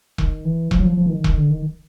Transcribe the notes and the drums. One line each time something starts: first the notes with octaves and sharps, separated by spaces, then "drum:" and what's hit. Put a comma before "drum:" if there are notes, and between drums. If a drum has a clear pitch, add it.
D#3, drum: kick E1
E3
F3, drum: kick E1
F#3
F3
F3
E3
D#3
D#3, drum: kick E1
D3
D#3